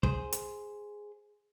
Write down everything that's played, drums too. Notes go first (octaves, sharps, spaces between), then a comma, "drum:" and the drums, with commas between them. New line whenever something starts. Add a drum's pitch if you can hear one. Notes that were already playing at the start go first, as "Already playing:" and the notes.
G#4 C5, drum: kick
drum: hi-hat